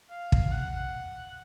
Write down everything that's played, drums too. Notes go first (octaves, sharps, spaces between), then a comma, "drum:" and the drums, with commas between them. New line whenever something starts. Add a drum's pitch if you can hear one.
F5
drum: kick
F#5